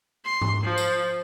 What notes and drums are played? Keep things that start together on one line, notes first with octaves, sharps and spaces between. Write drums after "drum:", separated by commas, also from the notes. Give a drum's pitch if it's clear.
C6
drum: tom G#2
F3
drum: tambourine